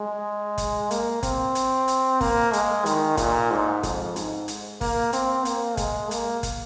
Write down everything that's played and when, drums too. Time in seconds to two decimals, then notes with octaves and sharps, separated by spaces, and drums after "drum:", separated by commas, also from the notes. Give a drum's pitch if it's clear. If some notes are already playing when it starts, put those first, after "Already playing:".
Already playing: G#3
0.58 drum: kick, hi-hat
0.91 A#3, drum: hi-hat
1.23 C4, drum: kick, hi-hat
1.55 drum: hi-hat
1.88 drum: hi-hat
2.21 A#3, drum: kick, open hi-hat
2.53 G#3, drum: hi-hat
2.86 D#3, drum: hi-hat
3.17 A#2, drum: kick, hi-hat
3.50 G#2
3.83 F2, drum: kick, hi-hat
4.16 G#2, drum: hi-hat
4.48 drum: hi-hat
4.81 A#3, drum: kick, open hi-hat
5.13 C4, drum: hi-hat
5.45 A#3, drum: hi-hat
5.77 G#3, drum: kick, hi-hat
6.11 A#3, drum: hi-hat
6.43 drum: kick, hi-hat